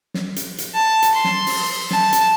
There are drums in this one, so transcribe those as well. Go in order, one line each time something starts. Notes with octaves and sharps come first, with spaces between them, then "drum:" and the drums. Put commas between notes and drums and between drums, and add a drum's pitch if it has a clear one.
drum: snare
drum: hi-hat
drum: hi-hat
A5
drum: hi-hat
C6
drum: snare
drum: open hi-hat
A5, drum: snare
drum: hi-hat